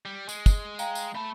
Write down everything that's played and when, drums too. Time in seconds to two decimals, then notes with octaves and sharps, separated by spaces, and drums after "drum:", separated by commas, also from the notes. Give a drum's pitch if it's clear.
0.05 G3
0.29 G#3, drum: tambourine
0.46 drum: kick, tambourine
0.79 F5 G5 A#5, drum: tambourine
0.95 drum: tambourine
1.15 A3 A5 B5